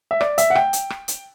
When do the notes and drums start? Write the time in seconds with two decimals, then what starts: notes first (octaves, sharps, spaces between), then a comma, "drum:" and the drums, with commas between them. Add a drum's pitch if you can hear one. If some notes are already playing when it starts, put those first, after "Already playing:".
0.11 E5
0.21 D5, drum: rim click
0.38 E5, drum: hi-hat
0.50 F#5
0.55 G5, drum: rim click
0.73 drum: hi-hat
0.90 drum: rim click
1.08 drum: hi-hat